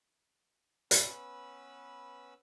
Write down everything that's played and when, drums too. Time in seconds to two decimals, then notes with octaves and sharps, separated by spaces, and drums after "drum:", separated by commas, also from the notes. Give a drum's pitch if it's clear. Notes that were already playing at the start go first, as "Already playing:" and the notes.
0.91 B3 C#4 B4 B5 E6, drum: hi-hat